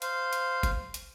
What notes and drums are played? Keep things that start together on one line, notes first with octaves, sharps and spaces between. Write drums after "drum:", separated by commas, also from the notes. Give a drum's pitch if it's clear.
C5 F5, drum: hi-hat
drum: hi-hat
drum: kick F#1, hi-hat
drum: hi-hat